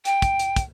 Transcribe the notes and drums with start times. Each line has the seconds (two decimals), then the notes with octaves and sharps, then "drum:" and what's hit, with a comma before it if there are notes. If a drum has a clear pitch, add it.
0.05 G5, drum: hi-hat
0.22 drum: kick, hi-hat
0.39 drum: hi-hat
0.56 drum: kick, hi-hat